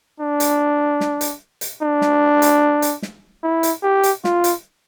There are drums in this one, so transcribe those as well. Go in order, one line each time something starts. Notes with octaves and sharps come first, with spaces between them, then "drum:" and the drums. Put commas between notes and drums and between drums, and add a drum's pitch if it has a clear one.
D4
drum: hi-hat
drum: snare
drum: hi-hat
drum: hi-hat
D4
drum: snare
drum: hi-hat
drum: hi-hat
drum: snare
E4
drum: hi-hat
G4
drum: hi-hat
F4, drum: snare
drum: hi-hat